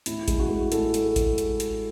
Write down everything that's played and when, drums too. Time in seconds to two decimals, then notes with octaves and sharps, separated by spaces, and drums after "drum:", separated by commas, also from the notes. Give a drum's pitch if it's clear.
0.06 A2 E4, drum: hi-hat
0.28 G#3, drum: kick A1, hi-hat
0.39 F#4
0.50 G#3
0.72 A2 A4, drum: hi-hat
0.94 G#3, drum: hi-hat
1.16 drum: kick A1, hi-hat
1.38 drum: hi-hat
1.60 drum: hi-hat